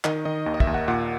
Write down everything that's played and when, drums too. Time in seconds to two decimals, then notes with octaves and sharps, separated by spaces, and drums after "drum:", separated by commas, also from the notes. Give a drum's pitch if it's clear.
0.04 D#3 D#5, drum: clap
0.25 D#3 D#5
0.46 D#2
0.54 D#5
0.60 E5, drum: kick
0.67 D#2
0.74 F#5
0.88 A#2 F#5